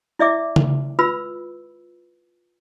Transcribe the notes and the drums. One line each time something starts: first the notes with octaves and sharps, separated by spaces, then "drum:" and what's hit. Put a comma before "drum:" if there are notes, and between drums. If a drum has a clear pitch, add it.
E4 D5 E5 D6
drum: tom C#3
F4 B4 B5 E6